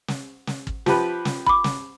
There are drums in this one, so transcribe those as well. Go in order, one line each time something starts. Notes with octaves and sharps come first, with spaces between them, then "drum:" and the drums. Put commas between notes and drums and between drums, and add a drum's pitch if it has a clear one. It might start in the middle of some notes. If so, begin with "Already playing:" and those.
drum: snare
drum: snare
drum: kick
F3 G4 B4, drum: snare
drum: snare
B5 D6, drum: kick
drum: snare